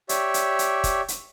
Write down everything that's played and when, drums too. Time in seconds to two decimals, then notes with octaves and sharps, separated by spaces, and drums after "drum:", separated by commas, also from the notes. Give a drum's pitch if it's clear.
0.09 G4 C#5 D5 E5, drum: hi-hat
0.34 drum: hi-hat
0.59 drum: hi-hat
0.84 drum: kick, hi-hat
1.08 drum: hi-hat